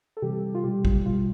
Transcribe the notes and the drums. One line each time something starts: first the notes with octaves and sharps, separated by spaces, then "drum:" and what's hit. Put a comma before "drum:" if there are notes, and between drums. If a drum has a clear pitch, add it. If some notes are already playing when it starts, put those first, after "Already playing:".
A4
C3 E3 G3 G4
F4
B2 G3 G4
drum: kick
B2 G3 F4